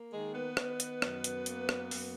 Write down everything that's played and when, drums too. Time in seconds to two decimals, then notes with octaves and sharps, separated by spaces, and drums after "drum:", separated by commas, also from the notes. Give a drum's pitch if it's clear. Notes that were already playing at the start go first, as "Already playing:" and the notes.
Already playing: A#3
0.12 D#3 G#3 G#4
0.35 B3 B4
0.57 D#3, drum: rim click
0.80 drum: hi-hat
1.02 F#2, drum: rim click
1.24 drum: hi-hat
1.46 A#3, drum: hi-hat
1.69 drum: rim click
1.91 F#2, drum: open hi-hat